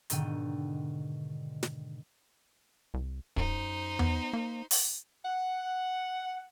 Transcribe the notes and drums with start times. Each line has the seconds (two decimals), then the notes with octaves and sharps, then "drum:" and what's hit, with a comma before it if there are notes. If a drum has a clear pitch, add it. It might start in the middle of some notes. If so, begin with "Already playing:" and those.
0.10 G#2 B2 D3 D#3 G5 D#7, drum: hi-hat
1.63 drum: snare
2.94 C2
3.36 F#2 D#4 C5, drum: kick
3.99 B3, drum: tom E2
4.33 A#3
4.71 drum: open hi-hat
5.25 F#5